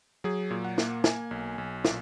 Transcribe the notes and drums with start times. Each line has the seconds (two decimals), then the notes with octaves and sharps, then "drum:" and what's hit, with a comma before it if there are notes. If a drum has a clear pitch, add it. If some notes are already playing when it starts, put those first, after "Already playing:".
0.24 F#3 G#4
0.51 A#2
0.64 F#5
0.78 A#3, drum: snare
1.04 A#3 G#5, drum: snare
1.31 B1
1.58 B1
1.85 A#2, drum: snare